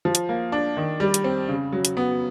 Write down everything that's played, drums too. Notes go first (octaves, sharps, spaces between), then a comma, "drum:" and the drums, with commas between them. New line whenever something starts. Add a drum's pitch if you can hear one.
F3
drum: hi-hat
A#3
D4
D#3
G3
drum: hi-hat
C4
C#3
F#3
drum: hi-hat
B3